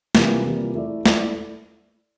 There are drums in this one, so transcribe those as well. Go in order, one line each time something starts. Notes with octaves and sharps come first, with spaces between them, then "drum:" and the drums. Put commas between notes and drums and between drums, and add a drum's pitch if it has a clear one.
C3 E3 G3 A#3 F4, drum: snare
C3 E3 G3 A#3 F4
A3 E4 A4 D5
A3 E4 A4 D5, drum: snare